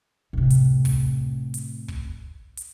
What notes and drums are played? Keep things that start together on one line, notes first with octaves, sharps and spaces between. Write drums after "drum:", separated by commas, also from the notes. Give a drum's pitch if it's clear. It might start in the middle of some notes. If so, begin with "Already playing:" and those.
A2 C3
drum: hi-hat
drum: kick, open hi-hat
drum: hi-hat
drum: kick
drum: hi-hat